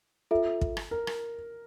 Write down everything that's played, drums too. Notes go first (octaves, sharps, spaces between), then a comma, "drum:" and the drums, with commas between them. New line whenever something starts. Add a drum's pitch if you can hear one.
F4 A4 E5
drum: kick
drum: rim click
A#4
drum: rim click